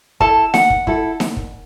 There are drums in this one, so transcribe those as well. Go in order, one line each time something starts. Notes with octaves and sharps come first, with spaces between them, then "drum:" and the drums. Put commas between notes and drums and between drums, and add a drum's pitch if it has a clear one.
E4 A4 A5, drum: kick
F#5, drum: snare D#4
drum: kick
E4 A4, drum: kick
drum: snare D#4
drum: kick